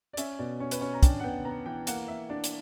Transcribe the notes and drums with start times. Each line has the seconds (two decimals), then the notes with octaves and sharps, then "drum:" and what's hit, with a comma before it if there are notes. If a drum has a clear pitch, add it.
0.13 D5
0.17 C#4 E5, drum: hi-hat
0.39 B2 D5
0.60 C#4 C#5
0.71 B4, drum: hi-hat
0.81 C#4 C#5
0.94 A#5
1.03 D4 G5, drum: kick, hi-hat
1.20 F#5
1.24 B3 G5
1.45 B3 A#5
1.66 E3 G5
1.87 A#3 F#5, drum: hi-hat
2.08 A#3 E5
2.30 D4 D5
2.44 drum: hi-hat